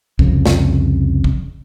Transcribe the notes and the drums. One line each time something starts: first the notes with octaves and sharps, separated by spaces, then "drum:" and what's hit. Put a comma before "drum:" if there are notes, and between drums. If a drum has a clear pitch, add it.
C2 F2 C#3, drum: kick
drum: snare
drum: kick